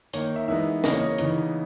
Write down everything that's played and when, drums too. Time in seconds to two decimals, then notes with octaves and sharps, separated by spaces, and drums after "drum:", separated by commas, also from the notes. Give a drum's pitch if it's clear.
0.13 D#3 A#3 D#4 C#5, drum: hi-hat
0.36 E5
0.48 E3 G#3 B3 D#4 E5
0.84 C#3 E3 A#3 C#4 D#5, drum: snare
0.91 C#5
0.99 D#5
1.18 C#3 E3 B3 D#4, drum: hi-hat